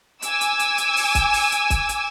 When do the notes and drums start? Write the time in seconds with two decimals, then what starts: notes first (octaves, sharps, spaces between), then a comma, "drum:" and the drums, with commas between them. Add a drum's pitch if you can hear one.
0.22 G#5 D6 E6, drum: hi-hat
0.41 drum: hi-hat
0.59 drum: hi-hat
0.78 drum: hi-hat
0.96 drum: open hi-hat
1.15 drum: kick, hi-hat
1.33 drum: open hi-hat
1.52 drum: hi-hat
1.70 drum: kick, hi-hat
1.89 drum: hi-hat